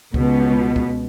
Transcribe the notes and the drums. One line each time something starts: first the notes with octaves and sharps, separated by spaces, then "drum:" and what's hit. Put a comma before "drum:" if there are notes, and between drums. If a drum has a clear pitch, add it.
C#2 B2, drum: kick
drum: kick